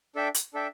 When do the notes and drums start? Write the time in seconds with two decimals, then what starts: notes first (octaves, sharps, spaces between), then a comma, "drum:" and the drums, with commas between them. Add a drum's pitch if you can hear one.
0.15 D4 A4 E5 G5
0.34 drum: hi-hat
0.54 D4 A4 E5 G5